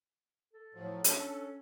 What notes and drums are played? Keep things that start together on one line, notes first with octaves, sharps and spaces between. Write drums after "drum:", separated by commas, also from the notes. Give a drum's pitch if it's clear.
A4
A2 F3 F#3
C#4 D4 A4, drum: hi-hat